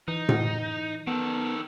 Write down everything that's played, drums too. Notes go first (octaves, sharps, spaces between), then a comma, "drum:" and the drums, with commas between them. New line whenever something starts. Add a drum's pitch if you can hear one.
E3 D#4
drum: tom A2
D#3 B3 A4